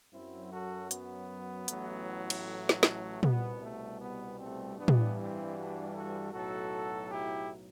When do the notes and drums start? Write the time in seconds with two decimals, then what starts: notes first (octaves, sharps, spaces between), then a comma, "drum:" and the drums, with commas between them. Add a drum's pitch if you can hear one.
0.13 F#2 F#3 C4 E4
0.52 F#4 A4
0.91 B3, drum: hi-hat
1.68 A1 A2 F#3, drum: hi-hat
2.30 drum: cymbal
2.45 A3
2.69 drum: snare
2.83 drum: snare
3.23 C2 B2 G3 B3, drum: tom A#2
3.62 A3
4.01 B3
4.40 A3 C4
4.78 G2 E3 G3 B3 D4
4.88 drum: tom
5.16 C4 E4
5.55 D4 F#4
5.94 F#4 A4
6.33 B1 A2 F#3 F#4 A4
7.10 E4 G4